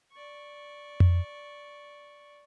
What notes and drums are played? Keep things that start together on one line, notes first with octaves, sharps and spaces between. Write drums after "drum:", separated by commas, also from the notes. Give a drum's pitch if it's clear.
D5 C#6
drum: tom F2